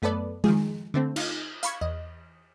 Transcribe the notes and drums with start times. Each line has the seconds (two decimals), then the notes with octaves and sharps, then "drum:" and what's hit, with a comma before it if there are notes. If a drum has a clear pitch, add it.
0.02 F#2 A3 B3 A4 B4 D5
0.44 D#3 F3 G#4, drum: tom G#3
0.94 D3 A3 C4
1.16 D#4 F4, drum: cymbal
1.63 F5 B5 C#6 G#6, drum: hi-hat
1.81 E2 D#5